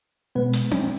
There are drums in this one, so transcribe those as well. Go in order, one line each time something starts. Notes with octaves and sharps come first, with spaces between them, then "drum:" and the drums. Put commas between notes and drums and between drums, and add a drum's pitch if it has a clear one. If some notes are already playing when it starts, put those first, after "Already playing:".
B2 G#3 B3 B4
drum: hi-hat
drum: tom C4